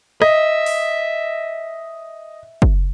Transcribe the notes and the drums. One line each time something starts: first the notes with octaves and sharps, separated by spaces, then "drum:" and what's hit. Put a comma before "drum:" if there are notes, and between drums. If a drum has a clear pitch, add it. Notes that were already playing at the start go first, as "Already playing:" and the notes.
D#5 E5, drum: rim click
drum: open hi-hat
drum: kick